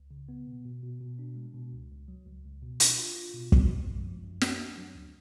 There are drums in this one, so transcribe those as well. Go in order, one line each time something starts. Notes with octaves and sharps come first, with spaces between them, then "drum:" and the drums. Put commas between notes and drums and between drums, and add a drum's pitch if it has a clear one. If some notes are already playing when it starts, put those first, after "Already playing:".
Already playing: C#2
C#3
B3
B2
B2
B2
B2
D4
G#3
B2
C#2
C#2
F#3
C#2
C#2
B2
D4, drum: hi-hat
F4
F4
B2
B2, drum: kick
G#3
F#2
F3
F#2
D4, drum: snare
D4
F#3
D2